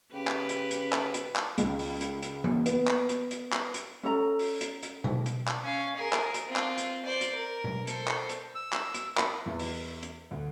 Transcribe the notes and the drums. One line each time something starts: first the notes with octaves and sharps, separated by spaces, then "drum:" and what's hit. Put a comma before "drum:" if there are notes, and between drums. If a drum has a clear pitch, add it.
C#3 G4 B4
drum: clap
drum: hi-hat
drum: hi-hat
drum: clap
drum: hi-hat
drum: clap
C#2, drum: hi-hat
drum: open hi-hat
drum: hi-hat
drum: hi-hat
drum: tom E3
B3, drum: hi-hat
drum: clap
drum: hi-hat
drum: hi-hat
drum: clap
drum: hi-hat
C#4 A4 A#5
drum: open hi-hat
drum: hi-hat
drum: hi-hat
drum: tom B2
drum: hi-hat
drum: clap
C#4 F5
G#4 A#4
drum: clap
drum: hi-hat
C4 F4
drum: clap
drum: hi-hat
C5 D5
drum: hi-hat
A#4
drum: tom B2
A4 C5, drum: hi-hat
drum: clap
drum: hi-hat
E6
drum: clap
drum: hi-hat
B5, drum: clap
E2
drum: open hi-hat
drum: hi-hat
D2